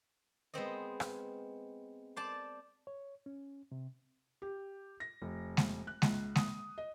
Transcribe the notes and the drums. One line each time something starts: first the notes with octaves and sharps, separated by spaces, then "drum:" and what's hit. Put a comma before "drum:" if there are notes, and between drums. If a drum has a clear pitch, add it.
G#3 B3 C4 D#5
drum: rim click
C5 D5 A5
C#5
C#4
C3
G4
A#6
F1
drum: snare G#3
F#6
C#2, drum: snare G#3
D#6, drum: snare G#3
D#5